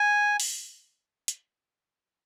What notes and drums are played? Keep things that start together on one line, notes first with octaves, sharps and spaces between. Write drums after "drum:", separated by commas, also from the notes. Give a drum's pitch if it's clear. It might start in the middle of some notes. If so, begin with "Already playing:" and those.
Already playing: G#5
drum: open hi-hat
drum: hi-hat